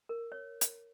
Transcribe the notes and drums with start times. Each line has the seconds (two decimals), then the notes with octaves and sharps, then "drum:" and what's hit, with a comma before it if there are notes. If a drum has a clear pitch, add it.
0.09 A#4
0.32 C#5
0.61 drum: hi-hat